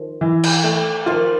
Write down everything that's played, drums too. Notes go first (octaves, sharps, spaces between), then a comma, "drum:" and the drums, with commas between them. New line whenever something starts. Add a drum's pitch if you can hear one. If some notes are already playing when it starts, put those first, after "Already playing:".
Already playing: D#3 F3
E3
drum: cymbal
A3
D#3 F3 F4